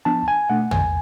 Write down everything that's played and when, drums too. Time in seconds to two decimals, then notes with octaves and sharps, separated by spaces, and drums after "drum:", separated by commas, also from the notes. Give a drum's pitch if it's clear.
0.05 F3 B3 D4 A5
0.28 G#5
0.50 B2 A3 D4 F#5
0.71 G#5, drum: tom